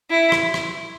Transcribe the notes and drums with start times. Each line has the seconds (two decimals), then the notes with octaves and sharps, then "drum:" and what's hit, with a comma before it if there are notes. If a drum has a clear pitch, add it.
0.10 E4
0.32 drum: rim click
0.54 drum: rim click